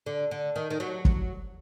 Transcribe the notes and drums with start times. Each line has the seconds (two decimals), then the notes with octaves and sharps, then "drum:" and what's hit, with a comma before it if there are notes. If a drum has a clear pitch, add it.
0.06 D3
0.31 D3
0.56 D#3
0.71 D#3
0.80 F#3
1.05 drum: kick